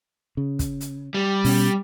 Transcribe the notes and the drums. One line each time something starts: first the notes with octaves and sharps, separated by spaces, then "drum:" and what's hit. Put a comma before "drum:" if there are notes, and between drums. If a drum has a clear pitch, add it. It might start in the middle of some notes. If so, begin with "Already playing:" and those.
C#3
drum: kick, hi-hat
drum: hi-hat
G3
B2 C#4, drum: open hi-hat